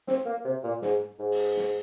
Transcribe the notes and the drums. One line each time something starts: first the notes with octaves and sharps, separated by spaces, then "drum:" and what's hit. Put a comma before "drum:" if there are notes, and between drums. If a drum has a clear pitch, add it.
C4, drum: snare
A#3
C3
A#2
G#2, drum: snare
G#2
drum: open hi-hat
drum: snare